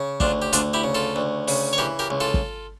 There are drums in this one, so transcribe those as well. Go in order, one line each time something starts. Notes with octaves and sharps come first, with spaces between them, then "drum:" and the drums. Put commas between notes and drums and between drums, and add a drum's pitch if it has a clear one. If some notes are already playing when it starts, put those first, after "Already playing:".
Already playing: C#3
D2 D4 F4, drum: kick
G4
D2 D4 F4, drum: hi-hat
E4 G4
C#3
F4 A4
D2
C#3, drum: open hi-hat
C#5
E3 G4 A#4
G4 A#4
C#2
F4 A4
drum: kick